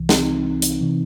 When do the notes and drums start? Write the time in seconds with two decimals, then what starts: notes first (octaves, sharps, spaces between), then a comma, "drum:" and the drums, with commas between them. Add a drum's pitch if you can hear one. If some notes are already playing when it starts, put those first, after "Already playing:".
Already playing: C2 C3 E3
0.09 C4 D#4, drum: snare
0.62 drum: hi-hat
0.81 C3 E3